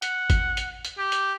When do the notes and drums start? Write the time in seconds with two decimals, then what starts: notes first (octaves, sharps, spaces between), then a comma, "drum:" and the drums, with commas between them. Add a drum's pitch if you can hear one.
0.02 F#5, drum: hi-hat
0.30 drum: kick G#1, hi-hat
0.57 drum: hi-hat
0.85 drum: hi-hat
0.98 G4
1.12 drum: hi-hat